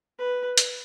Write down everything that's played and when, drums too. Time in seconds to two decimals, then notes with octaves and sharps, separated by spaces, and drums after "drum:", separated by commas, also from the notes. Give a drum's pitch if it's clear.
0.18 B4
0.58 drum: hi-hat